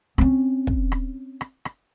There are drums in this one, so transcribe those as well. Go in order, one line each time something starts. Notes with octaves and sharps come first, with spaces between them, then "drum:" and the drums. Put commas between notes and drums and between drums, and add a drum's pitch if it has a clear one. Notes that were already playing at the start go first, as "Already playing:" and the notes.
C4 C#4, drum: rim click
drum: kick
drum: rim click
drum: rim click
drum: rim click